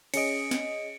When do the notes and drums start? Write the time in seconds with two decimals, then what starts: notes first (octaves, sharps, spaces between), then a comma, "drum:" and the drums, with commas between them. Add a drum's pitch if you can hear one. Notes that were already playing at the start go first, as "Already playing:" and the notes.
0.14 C#4 G#4 D#5 C#7 D7, drum: cymbal
0.51 drum: snare